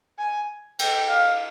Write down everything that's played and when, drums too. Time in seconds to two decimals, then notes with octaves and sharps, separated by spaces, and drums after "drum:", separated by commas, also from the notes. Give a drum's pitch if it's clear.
0.18 G#5
0.79 G5, drum: cymbal
1.09 F5